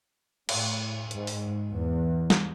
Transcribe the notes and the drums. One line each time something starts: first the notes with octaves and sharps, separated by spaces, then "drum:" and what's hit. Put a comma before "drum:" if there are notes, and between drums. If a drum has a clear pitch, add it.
A2, drum: cymbal
G#2, drum: hi-hat
drum: open hi-hat
E2
drum: snare